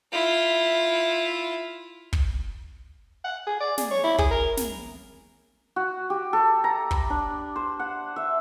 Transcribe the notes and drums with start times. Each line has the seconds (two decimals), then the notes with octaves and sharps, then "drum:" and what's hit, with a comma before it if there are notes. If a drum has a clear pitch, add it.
0.12 E4 F4
2.13 drum: kick
3.24 F#5
3.47 G#4
3.60 D5
3.78 G#4, drum: snare
3.91 C#5
4.04 E4
4.18 G#4, drum: kick
4.31 A#4
4.57 drum: snare
5.76 F#4
6.10 G4
6.33 A4
6.64 A#5
6.91 B5, drum: kick
7.10 D4
7.56 C5
7.79 F#5
8.16 E5